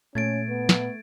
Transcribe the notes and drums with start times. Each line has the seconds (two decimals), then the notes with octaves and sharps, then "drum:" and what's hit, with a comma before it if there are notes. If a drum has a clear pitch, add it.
0.15 A#2 A3 C#4 G#6 A6 D7
0.49 B3
0.69 drum: snare